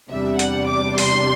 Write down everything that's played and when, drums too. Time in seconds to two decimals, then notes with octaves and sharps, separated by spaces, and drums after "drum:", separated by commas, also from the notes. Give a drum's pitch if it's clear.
0.10 E2 C3 G3 D4 E5
0.39 F#5, drum: hi-hat
0.69 D6
0.98 C6, drum: open hi-hat